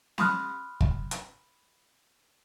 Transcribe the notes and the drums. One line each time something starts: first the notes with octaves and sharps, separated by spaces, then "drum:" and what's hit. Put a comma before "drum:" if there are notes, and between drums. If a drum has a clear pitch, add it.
B5 C6 D#6 F6 F#6, drum: snare
drum: kick
drum: hi-hat